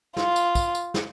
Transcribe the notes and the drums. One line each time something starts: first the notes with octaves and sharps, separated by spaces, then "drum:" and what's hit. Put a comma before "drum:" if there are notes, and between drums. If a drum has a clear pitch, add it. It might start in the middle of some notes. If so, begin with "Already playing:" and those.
F4, drum: snare
drum: tambourine
drum: kick, tambourine
drum: tambourine
drum: snare